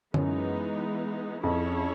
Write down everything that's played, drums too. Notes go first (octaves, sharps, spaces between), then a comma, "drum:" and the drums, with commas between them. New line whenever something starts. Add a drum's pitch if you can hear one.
F#2 E3 G#3 B3 D#4, drum: tom D3
F2 C#4 E4 G#4 C#5